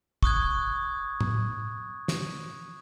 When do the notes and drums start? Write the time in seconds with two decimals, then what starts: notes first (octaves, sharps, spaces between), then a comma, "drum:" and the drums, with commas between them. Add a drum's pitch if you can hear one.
0.23 C#6 D#6 F#6 G#6, drum: kick
1.21 drum: tom A2
2.08 drum: snare